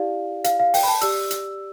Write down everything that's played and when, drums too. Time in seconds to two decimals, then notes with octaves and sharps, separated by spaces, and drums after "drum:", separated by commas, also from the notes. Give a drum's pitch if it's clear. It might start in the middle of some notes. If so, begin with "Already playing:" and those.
Already playing: E4 G4 D5 F5
0.44 F5, drum: hi-hat
0.60 F5
0.74 G5, drum: open hi-hat
0.83 B5
0.88 A5
1.01 G4 D5 E6, drum: hi-hat
1.31 drum: hi-hat